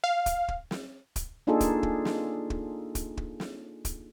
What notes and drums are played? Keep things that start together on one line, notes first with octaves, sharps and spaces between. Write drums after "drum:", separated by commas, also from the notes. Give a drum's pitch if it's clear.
F5
drum: kick, hi-hat
drum: kick
drum: snare
drum: kick, hi-hat
A#3 D4 D#4 F4 G#4 A4
drum: kick, hi-hat
drum: kick
drum: snare
drum: kick
drum: kick, hi-hat
drum: kick
drum: snare
drum: kick, hi-hat